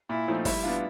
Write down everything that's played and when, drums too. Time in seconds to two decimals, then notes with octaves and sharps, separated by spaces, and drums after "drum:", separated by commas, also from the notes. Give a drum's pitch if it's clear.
0.09 A#2 E4
0.28 F3 A3 C4 D#4
0.45 G3 E4, drum: kick, open hi-hat
0.63 B3 D4 F4